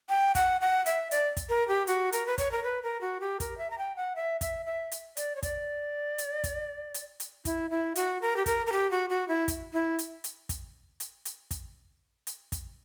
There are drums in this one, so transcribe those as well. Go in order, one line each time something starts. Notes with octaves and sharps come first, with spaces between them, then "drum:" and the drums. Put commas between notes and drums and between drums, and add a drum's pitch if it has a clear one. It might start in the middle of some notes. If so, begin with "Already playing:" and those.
G5
F#5, drum: kick, hi-hat
F#5
E5, drum: hi-hat
D5, drum: hi-hat
drum: kick, hi-hat
A#4
G4
F#4, drum: hi-hat
A#4, drum: hi-hat
B4
C#5, drum: kick, hi-hat
A#4
B4
A#4
F#4
G4
A#4, drum: kick, hi-hat
E5
A#5
G5
F#5
E5
E5, drum: kick, hi-hat
E5
drum: hi-hat
D5, drum: hi-hat
C#5
D5, drum: kick, hi-hat
drum: hi-hat
drum: kick, hi-hat
drum: hi-hat
drum: hi-hat
E4, drum: kick, hi-hat
E4
F#4, drum: hi-hat
A#4
G4
A#4, drum: kick, hi-hat
A#4
G4
F#4
F#4
E4
drum: kick, hi-hat
E4
drum: hi-hat
drum: hi-hat
drum: kick, hi-hat
drum: hi-hat
drum: hi-hat
drum: kick, hi-hat
drum: hi-hat
drum: kick, hi-hat